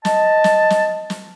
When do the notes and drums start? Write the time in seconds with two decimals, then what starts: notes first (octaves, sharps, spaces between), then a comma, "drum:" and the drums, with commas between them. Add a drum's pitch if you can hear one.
0.05 D#5 A5, drum: snare
0.44 drum: snare
0.70 drum: snare
1.10 drum: snare